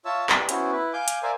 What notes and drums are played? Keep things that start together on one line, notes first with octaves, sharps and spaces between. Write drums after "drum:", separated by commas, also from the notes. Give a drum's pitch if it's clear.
F4 C#5 E5 A5 E6
G4 B4 D5, drum: clap
B3 C#4 E4 F#4 C5, drum: hi-hat
E4 B4
F5 G#5 D6 G6
drum: hi-hat
A#4 C5 D5 E5 F5 G#5